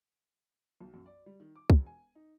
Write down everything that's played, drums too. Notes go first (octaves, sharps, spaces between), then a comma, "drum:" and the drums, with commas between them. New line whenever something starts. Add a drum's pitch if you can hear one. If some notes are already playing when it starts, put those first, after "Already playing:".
B1
F#2
D5
G3
D#3
D6
E1, drum: kick
G#5
D#4